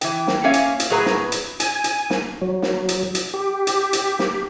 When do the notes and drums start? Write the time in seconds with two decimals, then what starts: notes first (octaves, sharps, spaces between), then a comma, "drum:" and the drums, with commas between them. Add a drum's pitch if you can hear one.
0.01 E3 G5, drum: hi-hat
0.27 drum: snare
0.44 A#3 C#4 C#5 E5 F5 G#5
0.53 drum: hi-hat
0.80 drum: hi-hat
0.90 A2 F#3 G#4 B4 A#5
1.06 drum: snare
1.32 drum: hi-hat
1.60 G#5, drum: hi-hat
1.84 drum: hi-hat
2.10 drum: snare
2.41 F#3
2.62 drum: snare
2.89 drum: hi-hat
3.15 drum: hi-hat
3.34 G4
3.67 drum: hi-hat
3.93 drum: hi-hat
4.19 drum: snare